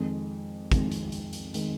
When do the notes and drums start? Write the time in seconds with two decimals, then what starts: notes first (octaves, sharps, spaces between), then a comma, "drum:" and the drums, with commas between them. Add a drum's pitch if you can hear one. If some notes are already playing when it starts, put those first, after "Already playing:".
Already playing: F2 D#3 G#3
0.72 F2 D#3 G#3, drum: kick, hi-hat
0.92 drum: hi-hat
1.12 drum: hi-hat
1.33 drum: hi-hat
1.54 D#3 G#3, drum: hi-hat